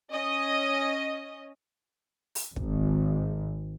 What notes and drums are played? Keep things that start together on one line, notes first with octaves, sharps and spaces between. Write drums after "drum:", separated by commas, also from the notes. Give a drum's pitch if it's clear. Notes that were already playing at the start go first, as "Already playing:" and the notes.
C#4 D#5
drum: open hi-hat
G#1, drum: kick